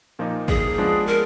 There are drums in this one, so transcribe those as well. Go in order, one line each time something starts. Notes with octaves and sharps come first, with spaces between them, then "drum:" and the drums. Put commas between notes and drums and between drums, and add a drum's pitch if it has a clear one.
A#2 F3 A#3 D#4
G#4, drum: kick
F3 G#3 B3 D4
A#4